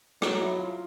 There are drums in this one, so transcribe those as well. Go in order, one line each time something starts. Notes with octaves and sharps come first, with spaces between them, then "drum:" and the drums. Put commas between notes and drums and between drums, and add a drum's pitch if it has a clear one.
F#3 D#4, drum: rim click
E4
F4